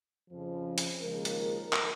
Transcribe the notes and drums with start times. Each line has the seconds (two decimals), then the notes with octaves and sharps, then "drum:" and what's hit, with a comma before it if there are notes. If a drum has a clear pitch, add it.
0.30 F2 C#3 F3
0.78 drum: hi-hat
1.01 D#2 C#3 F3 G#3 A#4
1.25 drum: hi-hat
1.73 drum: clap